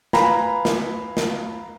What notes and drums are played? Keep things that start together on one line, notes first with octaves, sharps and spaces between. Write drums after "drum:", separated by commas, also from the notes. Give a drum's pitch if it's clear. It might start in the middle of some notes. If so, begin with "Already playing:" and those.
B4 F5 G#5 A#5 B5, drum: snare
drum: snare
drum: snare